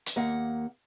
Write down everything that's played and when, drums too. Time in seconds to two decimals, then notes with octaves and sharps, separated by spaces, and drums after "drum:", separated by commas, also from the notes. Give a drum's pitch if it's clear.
0.06 drum: hi-hat
0.16 D#2 A#3 F#5